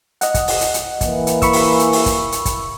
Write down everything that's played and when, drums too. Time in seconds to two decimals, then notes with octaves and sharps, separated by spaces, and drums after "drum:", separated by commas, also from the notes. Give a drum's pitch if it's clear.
0.21 D#5 F#5, drum: hi-hat
0.34 drum: kick, hi-hat
0.48 drum: open hi-hat
0.61 drum: hi-hat
0.74 drum: hi-hat
1.01 E3 A#3, drum: kick, hi-hat
1.27 drum: hi-hat
1.42 B5 C#6 E6, drum: kick, hi-hat
1.53 drum: open hi-hat
1.79 drum: hi-hat
1.93 drum: open hi-hat
2.06 drum: kick, hi-hat
2.32 drum: hi-hat
2.45 drum: kick, hi-hat